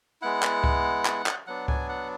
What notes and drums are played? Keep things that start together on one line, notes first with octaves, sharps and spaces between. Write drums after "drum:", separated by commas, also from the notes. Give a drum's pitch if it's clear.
G#3 B3 E4 F#5
drum: clap
drum: kick C#2
drum: clap
drum: clap
F#3 B3 D4 F#5
G#5, drum: kick C#2
F#5